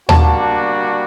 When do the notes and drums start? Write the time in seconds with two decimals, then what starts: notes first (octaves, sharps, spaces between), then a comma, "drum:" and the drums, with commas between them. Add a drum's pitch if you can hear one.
0.09 G3 A#3 D4 F#4 A5, drum: tom D#2